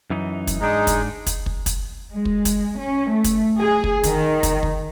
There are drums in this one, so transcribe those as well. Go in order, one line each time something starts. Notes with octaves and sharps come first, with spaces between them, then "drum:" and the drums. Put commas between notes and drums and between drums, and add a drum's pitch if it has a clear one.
F#2 E3 D#4
drum: kick, hi-hat
G#2 G#3 D4 D#4
drum: kick, hi-hat
drum: kick, hi-hat
drum: kick
drum: kick, hi-hat
G#3
drum: kick
drum: kick, hi-hat
C#4
A3
drum: kick, hi-hat
G#4
drum: kick
D#3, drum: kick, hi-hat
drum: kick, hi-hat
drum: kick